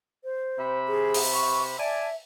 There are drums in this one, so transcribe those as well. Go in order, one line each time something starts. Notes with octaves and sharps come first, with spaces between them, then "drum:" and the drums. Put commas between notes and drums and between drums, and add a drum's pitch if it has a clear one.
C5
C3 E5 B5
G#4
drum: open hi-hat
C#6
D5 E5 G#5 A5